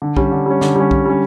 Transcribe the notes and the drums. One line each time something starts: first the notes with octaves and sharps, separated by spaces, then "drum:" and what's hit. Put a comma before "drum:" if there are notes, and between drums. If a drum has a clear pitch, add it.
D3
G3 C#4, drum: kick B1
D3
G3 C#4
D3, drum: snare
G3 C#4
D3, drum: kick B1
G3 C#4